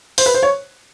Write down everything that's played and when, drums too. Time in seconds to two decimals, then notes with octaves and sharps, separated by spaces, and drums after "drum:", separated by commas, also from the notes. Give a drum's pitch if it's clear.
0.18 C5, drum: open hi-hat
0.26 B4
0.34 C5
0.43 C#5